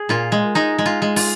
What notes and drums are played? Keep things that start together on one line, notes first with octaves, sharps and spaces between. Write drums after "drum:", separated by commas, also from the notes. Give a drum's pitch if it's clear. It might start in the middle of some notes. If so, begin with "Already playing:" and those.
Already playing: G#4
A#2 F4
G#3
G#3 D#4
G#3
F4
G#3
F4, drum: open hi-hat